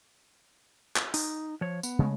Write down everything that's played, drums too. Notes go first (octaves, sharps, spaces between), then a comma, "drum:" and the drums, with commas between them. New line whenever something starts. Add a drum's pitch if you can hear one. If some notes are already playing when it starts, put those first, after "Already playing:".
drum: clap
D#4, drum: open hi-hat
F3 C#5
B3, drum: tambourine
C#3 G#3 A3